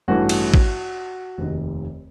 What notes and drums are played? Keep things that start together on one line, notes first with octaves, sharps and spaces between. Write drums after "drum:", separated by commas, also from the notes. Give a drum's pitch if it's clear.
A1 G2 E3 A3 F#4
drum: cymbal
drum: kick
F1 D#2 D#3